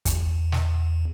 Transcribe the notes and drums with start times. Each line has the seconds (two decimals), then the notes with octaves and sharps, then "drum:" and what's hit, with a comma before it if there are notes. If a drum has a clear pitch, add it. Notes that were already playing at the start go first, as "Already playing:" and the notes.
0.05 E2, drum: kick, hi-hat
0.52 drum: snare